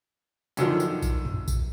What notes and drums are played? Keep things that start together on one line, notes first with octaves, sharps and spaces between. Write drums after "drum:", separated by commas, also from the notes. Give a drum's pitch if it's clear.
F#2 D3 D#3 F3, drum: tambourine
drum: tambourine
drum: kick B1, tambourine
drum: tom
drum: kick B1, tambourine